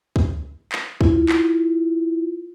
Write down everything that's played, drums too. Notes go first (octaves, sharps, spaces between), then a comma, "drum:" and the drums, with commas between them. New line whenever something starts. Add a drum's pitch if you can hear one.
drum: kick
drum: clap
E4 F4, drum: kick
drum: clap